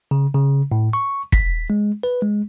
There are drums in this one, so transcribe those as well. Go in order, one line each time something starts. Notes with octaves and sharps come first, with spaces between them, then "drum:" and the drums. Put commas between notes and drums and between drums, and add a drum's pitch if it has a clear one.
C#3
C#3
A2
C#6
B6, drum: kick
G#3
B4
G#3